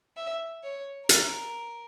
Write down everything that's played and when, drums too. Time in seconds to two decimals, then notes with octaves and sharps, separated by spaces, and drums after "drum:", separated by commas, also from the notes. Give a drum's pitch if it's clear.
0.17 E5
0.64 C#5
1.09 A#4, drum: hi-hat